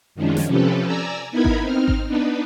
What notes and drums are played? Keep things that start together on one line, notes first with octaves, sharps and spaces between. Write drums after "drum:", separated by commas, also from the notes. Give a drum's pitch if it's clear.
F#2 D#3 F3 G#3 C#4 D4
drum: snare
C3 F3 C#4 G4 A4 B4
D5 G#5 A#5 E6
B3 D#4 E4 A#4 B5 G#6
drum: kick G#1
C4 D#4 F6
drum: kick G#1
B3 D4 D#4 B4